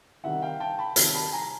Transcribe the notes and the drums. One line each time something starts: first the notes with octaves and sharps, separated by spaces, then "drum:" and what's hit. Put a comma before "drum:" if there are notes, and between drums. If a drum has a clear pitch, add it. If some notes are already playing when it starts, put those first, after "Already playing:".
C3 D#3 G3 E5 F#5
F5 G5
G5 A5
A5 B5
C3 D#3 G3, drum: hi-hat
A5 B5
G#5 A#5